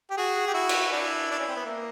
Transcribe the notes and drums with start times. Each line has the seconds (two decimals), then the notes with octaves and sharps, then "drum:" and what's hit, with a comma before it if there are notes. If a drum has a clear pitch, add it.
0.10 G4
0.17 F#4 G#4
0.47 G4
0.54 E4 F#4
0.69 drum: cymbal
0.91 D4 E4
1.31 D4
1.39 C#4
1.48 C4
1.56 B3
1.65 A#3